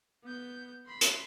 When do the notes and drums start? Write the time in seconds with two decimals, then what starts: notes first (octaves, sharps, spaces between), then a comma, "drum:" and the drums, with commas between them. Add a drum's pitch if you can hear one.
0.24 B3 G6
0.86 B5 C6
1.01 drum: hi-hat